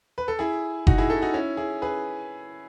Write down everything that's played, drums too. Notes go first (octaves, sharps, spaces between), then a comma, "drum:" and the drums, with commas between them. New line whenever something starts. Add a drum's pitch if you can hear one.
B4
A4
E4 G#4
D#4 F#4, drum: kick F#1
E4 G#4
F#4 A4
D#4 F#4
C#4 E4
E4 G#4
G#4 B4